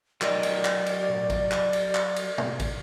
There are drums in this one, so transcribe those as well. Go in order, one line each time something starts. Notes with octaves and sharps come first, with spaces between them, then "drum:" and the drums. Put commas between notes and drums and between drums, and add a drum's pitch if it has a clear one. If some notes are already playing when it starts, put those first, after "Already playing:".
F#3 A#4 D5 D#5, drum: clap
drum: cymbal
drum: clap
drum: cymbal
drum: tom A#2
drum: kick, cymbal
drum: clap
drum: cymbal
drum: clap
drum: cymbal
drum: tom
drum: kick, cymbal